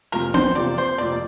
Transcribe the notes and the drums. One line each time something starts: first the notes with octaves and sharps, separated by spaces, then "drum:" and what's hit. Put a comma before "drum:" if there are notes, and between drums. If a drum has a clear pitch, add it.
F2 C3 F3 A#3 A#4
C5, drum: tom B3
F2 C3 F3 A#3 D5
C5
F2 C3 F3 A#3 D5